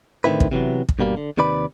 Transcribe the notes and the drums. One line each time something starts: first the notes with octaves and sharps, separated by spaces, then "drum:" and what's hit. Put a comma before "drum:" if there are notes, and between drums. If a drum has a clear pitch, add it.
A2 D3 D#3 C4 E4 B4
drum: kick
C3 E3 F#3 B3
drum: kick
G2 B2 G3 A#3
D3
D#2 C3 D#3 B4 D5 B5